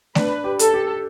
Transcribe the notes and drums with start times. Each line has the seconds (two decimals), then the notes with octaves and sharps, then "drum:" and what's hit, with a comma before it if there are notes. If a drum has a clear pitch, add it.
0.15 D4 B4, drum: snare A3
0.44 G4
0.59 A4, drum: hi-hat
0.74 G4